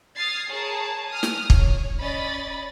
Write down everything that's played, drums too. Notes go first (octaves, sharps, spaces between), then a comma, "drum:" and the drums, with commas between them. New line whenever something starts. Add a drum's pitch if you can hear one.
D#6 F6 G#6 A6 C7
G#4 A#4 C#5 A5
D#6 F6
drum: snare
C#5, drum: kick
C#4 D5 D#5 B5 A6